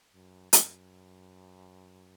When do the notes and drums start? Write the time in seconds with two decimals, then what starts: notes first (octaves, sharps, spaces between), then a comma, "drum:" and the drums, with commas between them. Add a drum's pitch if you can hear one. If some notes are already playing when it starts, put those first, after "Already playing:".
0.13 F#2
0.53 F#2, drum: hi-hat